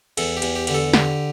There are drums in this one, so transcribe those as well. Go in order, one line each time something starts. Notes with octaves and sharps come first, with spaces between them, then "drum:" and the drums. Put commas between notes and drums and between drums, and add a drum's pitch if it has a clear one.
E2 A4, drum: cymbal
G4
E2, drum: cymbal
G4
D3 G4, drum: cymbal
A4
D3 G4, drum: snare